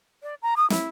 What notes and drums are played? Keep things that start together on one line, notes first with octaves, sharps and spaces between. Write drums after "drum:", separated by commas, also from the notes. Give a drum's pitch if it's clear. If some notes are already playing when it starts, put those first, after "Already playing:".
D5
A#5
D#6
E4, drum: snare